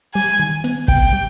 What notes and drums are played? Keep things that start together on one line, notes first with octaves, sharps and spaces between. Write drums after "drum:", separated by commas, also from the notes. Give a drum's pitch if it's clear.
G3 G#5
D#3
B3, drum: hi-hat
C3 G5, drum: kick
G3